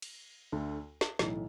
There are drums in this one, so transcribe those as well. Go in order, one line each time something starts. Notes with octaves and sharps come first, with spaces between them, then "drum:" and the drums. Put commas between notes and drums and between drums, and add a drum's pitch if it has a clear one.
drum: cymbal
D2 D3 A3
drum: snare
B1 A2 E3, drum: snare